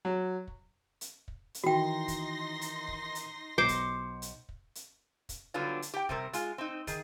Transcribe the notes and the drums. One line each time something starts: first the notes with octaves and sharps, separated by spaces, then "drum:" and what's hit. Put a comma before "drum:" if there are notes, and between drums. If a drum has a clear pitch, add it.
F#3
drum: kick
drum: hi-hat
drum: kick
drum: hi-hat
D#3 E3 D#4 F#4 G5 C6 A#6
drum: kick, hi-hat
drum: hi-hat
drum: kick
drum: hi-hat
B1 C5 D6 C#7
drum: kick, hi-hat
drum: hi-hat
drum: kick
drum: hi-hat
drum: kick, hi-hat
D3 F#3 G3 B3 D4 F4
drum: hi-hat
G4 G5
C3 G3 C4 A#4, drum: kick
G#3 F4, drum: hi-hat
C4 D#4
D#3 G#4, drum: kick, hi-hat